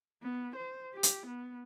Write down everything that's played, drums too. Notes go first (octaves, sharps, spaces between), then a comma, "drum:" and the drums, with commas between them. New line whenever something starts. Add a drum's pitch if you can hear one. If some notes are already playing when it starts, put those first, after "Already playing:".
B3
C5
G4
drum: hi-hat
B3